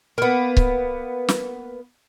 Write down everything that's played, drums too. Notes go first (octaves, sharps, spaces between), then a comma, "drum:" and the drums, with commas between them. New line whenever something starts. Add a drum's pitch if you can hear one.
A#3 B3
drum: kick C#1
drum: snare